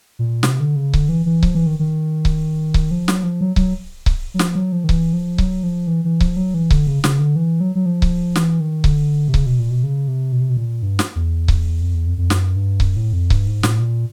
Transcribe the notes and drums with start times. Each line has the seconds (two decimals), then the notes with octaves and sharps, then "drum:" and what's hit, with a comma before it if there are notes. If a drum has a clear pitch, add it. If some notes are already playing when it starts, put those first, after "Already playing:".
0.19 A#2
0.43 C3, drum: snare
0.60 D3
0.76 C#3
0.94 D3, drum: kick C#1
1.09 E3
1.26 E3
1.43 F3, drum: kick C#1
1.55 E3
1.67 D#3
1.79 D#3
2.25 drum: kick C#1
2.74 drum: kick C#1
2.91 F3
3.08 F#3, drum: snare
3.23 F3
3.41 F#3
3.56 F#3, drum: kick C#1
4.06 drum: kick C#1
4.34 F#3
4.39 F3, drum: snare
4.55 F#3
4.72 F3
4.84 D#3
4.89 E3, drum: kick C#1
5.13 F3
5.38 F#3, drum: kick C#1
5.63 F3
5.87 E3
6.05 E3
6.21 F3, drum: kick C#1
6.37 F#3
6.54 E3
6.71 D3, drum: kick C#1
6.87 C#3
7.04 C#3, drum: snare
7.19 D3
7.36 E3
7.61 F#3
7.76 F#3
7.86 F3
8.02 drum: kick C#1
8.36 E3, drum: snare
8.60 D#3
8.84 D3, drum: kick C#1
9.28 C3
9.34 C#3, drum: kick C#1
9.46 B2
9.59 A#2
9.71 B2
9.84 C#3
10.08 C3
10.32 B2
10.41 C3
10.50 B2
10.57 A#2
10.83 G2
10.99 drum: snare
11.16 E2
11.48 drum: kick C#1
11.81 F2
11.94 E2
12.06 F2
12.18 F2
12.30 F#2, drum: snare
12.56 G2
12.80 F#2, drum: kick C#1
12.97 A2
13.13 F2
13.30 G2, drum: kick C#1
13.47 G#2
13.63 A2, drum: snare
13.79 A#2